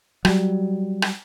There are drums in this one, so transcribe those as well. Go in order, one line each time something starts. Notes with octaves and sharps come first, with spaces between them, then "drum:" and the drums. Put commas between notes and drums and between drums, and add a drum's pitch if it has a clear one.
F#3 G3, drum: rim click
drum: rim click